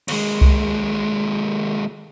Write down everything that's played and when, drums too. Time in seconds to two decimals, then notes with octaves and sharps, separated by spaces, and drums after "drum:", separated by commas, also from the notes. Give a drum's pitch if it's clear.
0.08 D#2 G#3, drum: cymbal
0.41 drum: kick C2